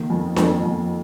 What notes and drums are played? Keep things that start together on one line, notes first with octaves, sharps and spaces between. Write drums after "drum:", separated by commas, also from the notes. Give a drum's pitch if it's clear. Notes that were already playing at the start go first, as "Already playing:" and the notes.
Already playing: D#3 A#3
F2
F2, drum: snare D4
F2